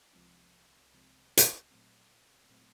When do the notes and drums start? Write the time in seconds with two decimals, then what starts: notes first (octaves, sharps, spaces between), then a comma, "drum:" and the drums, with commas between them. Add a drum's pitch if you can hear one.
0.13 C2 C3 F3 G#3 C4
0.92 C2 C3 F3 G#3 C4
1.37 drum: hi-hat
1.71 A#2 F#3 A3 C4
2.50 A#2 F#3 A3 C4